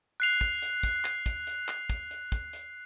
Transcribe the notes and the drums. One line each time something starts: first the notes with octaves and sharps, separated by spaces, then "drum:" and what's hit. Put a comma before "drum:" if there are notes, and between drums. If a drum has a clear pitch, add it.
F#6 C7 F7
drum: kick, hi-hat
drum: hi-hat
drum: kick, hi-hat
drum: clap
drum: kick, hi-hat
drum: hi-hat
drum: clap
drum: kick, hi-hat
drum: hi-hat
drum: kick, hi-hat
drum: hi-hat